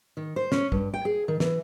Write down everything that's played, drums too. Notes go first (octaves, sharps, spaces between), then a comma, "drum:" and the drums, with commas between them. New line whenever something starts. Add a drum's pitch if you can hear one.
D#3
C5
C#4, drum: snare
G2, drum: kick
G5
G#4
D#3
E3, drum: snare